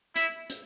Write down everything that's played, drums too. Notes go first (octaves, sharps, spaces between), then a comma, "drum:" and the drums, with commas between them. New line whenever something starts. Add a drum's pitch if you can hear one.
E4, drum: hi-hat
drum: hi-hat